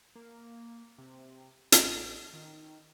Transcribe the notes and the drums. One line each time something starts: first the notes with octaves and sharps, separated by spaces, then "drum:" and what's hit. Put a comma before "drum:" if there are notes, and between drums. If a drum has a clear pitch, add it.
A#3
C3
A1, drum: hi-hat
D#3